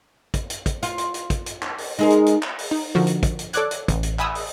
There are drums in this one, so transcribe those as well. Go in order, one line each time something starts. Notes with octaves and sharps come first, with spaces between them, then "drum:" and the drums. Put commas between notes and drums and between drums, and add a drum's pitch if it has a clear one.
drum: kick, hi-hat
drum: hi-hat
drum: kick, hi-hat
F4, drum: hi-hat
drum: hi-hat
drum: hi-hat
drum: kick, hi-hat
drum: hi-hat
drum: clap
drum: open hi-hat
G#3 D#4 G#4 A#4
drum: hi-hat
drum: hi-hat
drum: clap
drum: open hi-hat
D#4
D3 F3 F#4 A#4
drum: hi-hat
drum: kick, hi-hat
drum: hi-hat
A4 C#5 D5 D6 F#6 G#6, drum: hi-hat
drum: hi-hat
A1, drum: kick, hi-hat
drum: hi-hat
E5 G#5 B5 D#6 E6, drum: clap
drum: open hi-hat